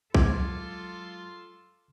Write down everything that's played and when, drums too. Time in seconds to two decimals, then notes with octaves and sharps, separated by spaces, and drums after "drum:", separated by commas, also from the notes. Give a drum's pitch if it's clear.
0.15 F#3 G#3 F4 A4 C6 D6 G#6, drum: kick B1